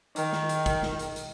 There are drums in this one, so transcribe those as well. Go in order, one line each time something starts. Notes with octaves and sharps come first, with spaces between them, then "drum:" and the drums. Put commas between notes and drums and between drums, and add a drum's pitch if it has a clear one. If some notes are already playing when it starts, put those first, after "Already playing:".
D#3, drum: hi-hat
drum: snare
drum: hi-hat
drum: kick, hi-hat
drum: snare
drum: hi-hat
drum: hi-hat